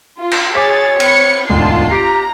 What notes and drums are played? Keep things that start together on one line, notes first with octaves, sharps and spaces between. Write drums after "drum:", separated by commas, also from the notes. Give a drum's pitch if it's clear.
F4
drum: cymbal
G#4 C#5 D6 A6 B6
C4 B5 C#7, drum: cymbal
E1 D2 G#2 F4 A5 C7
G4 A#5 C7 D7